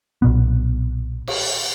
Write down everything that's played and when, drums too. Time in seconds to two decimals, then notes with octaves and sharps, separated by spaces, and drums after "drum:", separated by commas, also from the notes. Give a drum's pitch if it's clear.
0.22 B1 A#2 B3
1.27 drum: cymbal